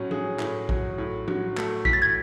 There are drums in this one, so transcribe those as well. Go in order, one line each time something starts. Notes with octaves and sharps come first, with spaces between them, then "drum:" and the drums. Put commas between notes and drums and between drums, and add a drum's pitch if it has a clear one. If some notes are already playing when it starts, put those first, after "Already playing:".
Already playing: A2 F#3 C#4
G#4, drum: tom F3
A2, drum: clap
F#3, drum: kick
A2
F#3, drum: tom F3
A3, drum: clap
A2 B6, drum: kick
A6
G#6